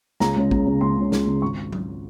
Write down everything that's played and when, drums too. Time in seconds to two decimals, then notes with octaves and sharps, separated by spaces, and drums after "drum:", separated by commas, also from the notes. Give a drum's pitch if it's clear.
0.20 C#2 A#5, drum: snare
0.36 C#3 G#3 C#4
0.51 C#2, drum: kick
0.66 C#3 G#3 C#4
0.81 C#2 C6
0.96 C#3 G#3 C#4
1.12 C#2, drum: snare
1.27 C#3 G#3 C#4
1.42 G#1 C#6
1.73 drum: tom F#3